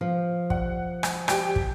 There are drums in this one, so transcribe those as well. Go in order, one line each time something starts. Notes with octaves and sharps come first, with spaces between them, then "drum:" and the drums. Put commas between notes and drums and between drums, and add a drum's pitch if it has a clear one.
F3
F#5, drum: kick
drum: rim click
G4 G5, drum: rim click
drum: kick